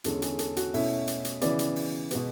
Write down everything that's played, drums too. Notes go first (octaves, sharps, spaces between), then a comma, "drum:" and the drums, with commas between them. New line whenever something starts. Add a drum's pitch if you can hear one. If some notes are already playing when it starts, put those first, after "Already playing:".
E2 D3 G#3 C#4 A4, drum: hi-hat
G#4, drum: hi-hat
A4, drum: hi-hat
F#4, drum: hi-hat
B2 A3 C#4 E4, drum: open hi-hat
drum: hi-hat
drum: hi-hat
C#3 E3 B3 D5, drum: hi-hat
drum: hi-hat
drum: open hi-hat
B2 G#3 B3, drum: hi-hat